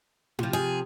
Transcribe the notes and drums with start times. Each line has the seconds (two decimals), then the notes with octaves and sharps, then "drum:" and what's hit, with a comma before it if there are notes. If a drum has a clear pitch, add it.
0.39 C3 F3, drum: tom E4
0.53 G#4